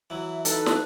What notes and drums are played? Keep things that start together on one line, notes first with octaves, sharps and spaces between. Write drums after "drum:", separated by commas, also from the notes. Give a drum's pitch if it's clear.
E3 F#3 E5
D#4 A4 B4, drum: hi-hat
drum: snare